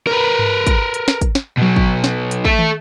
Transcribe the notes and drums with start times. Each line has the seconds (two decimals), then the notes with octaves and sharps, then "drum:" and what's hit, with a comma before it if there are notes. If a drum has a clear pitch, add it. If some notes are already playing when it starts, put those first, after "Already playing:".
0.07 A#4 B4
0.39 drum: tom G2
0.67 drum: kick, hi-hat
0.94 drum: hi-hat
1.08 drum: snare
1.21 drum: kick, hi-hat
1.35 drum: snare
1.57 B2 F#3
1.76 drum: kick
2.04 drum: snare
2.31 drum: hi-hat
2.45 A4 E5, drum: kick
2.59 drum: tom